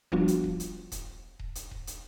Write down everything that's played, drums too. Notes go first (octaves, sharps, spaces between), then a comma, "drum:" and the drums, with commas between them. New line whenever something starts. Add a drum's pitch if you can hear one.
F3 G3 B3 D4 F4 F#4, drum: kick D#1
drum: hi-hat
drum: kick D#1
drum: hi-hat
drum: kick D#1, hi-hat
drum: kick D#1
drum: hi-hat
drum: kick D#1
drum: hi-hat